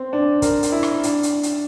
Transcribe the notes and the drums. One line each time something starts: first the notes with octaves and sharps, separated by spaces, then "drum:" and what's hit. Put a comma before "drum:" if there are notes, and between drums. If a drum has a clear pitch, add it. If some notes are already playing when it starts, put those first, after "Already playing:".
Already playing: C4
D4
A#4, drum: kick, hi-hat
drum: hi-hat
E4
drum: rim click
D4, drum: hi-hat
drum: hi-hat
drum: hi-hat